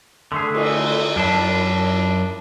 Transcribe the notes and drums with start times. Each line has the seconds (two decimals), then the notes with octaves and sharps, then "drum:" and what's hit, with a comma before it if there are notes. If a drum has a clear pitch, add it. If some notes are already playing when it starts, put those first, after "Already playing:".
0.32 D3 A3 G#4
0.55 drum: cymbal
1.16 F#2 D4 E4 A5